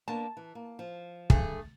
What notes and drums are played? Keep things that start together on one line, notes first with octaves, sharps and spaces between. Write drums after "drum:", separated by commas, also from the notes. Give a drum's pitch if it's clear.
A#3 B3 D4 A5
E3
A#3
F3
G2 A3 G#4, drum: kick